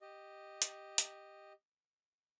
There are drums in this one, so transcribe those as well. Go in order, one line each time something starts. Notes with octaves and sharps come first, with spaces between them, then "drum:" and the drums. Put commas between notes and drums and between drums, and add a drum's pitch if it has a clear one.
G4 D#5
drum: hi-hat
drum: hi-hat